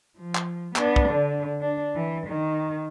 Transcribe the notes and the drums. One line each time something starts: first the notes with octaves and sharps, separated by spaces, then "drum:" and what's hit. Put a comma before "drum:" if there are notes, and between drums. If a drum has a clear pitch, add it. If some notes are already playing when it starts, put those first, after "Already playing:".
F3
drum: clap
B3 D4, drum: clap
drum: kick
D3
D4
E3
D#3